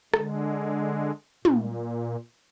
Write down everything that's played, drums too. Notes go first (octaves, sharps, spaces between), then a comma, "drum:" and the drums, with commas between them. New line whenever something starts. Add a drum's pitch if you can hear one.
D3 G#3, drum: rim click
A#2, drum: tom